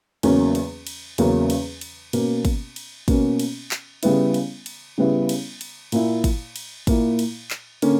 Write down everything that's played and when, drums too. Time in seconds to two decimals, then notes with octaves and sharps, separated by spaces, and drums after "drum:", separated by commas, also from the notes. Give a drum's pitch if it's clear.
0.23 E2 C#3 F#3 A#3 C#4, drum: cymbal
0.55 drum: cymbal
0.87 drum: cymbal
1.18 E2 C#3 F#3 A#3 C#4, drum: cymbal
1.50 drum: cymbal
1.81 drum: cymbal
2.13 B2 A#3 C#4, drum: cymbal
2.45 drum: kick, cymbal
2.76 drum: cymbal
3.08 B2 A#3 C#4, drum: kick, cymbal
3.39 drum: cymbal
3.71 drum: clap
4.03 C#3 G3 B3 E4, drum: cymbal
4.34 drum: cymbal
4.66 drum: cymbal
4.98 C#3 G3 B3 E4
5.29 drum: cymbal
5.61 drum: cymbal
5.92 A#2 A#3 E4, drum: cymbal
6.24 drum: kick, cymbal
6.56 drum: cymbal
6.87 A#2 A#3 E4, drum: kick, cymbal
7.19 drum: cymbal
7.50 drum: clap
7.82 D3 A#3 C#4, drum: cymbal